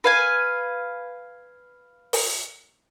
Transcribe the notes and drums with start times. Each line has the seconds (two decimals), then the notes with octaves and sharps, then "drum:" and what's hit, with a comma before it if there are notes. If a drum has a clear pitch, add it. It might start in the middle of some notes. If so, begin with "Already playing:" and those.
0.04 B4 F5 G#5
2.13 drum: open hi-hat